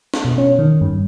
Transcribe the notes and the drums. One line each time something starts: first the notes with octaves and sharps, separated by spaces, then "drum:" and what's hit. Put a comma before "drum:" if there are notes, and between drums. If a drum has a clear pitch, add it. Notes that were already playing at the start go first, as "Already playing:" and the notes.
drum: snare
B2
C#4
D#3
G2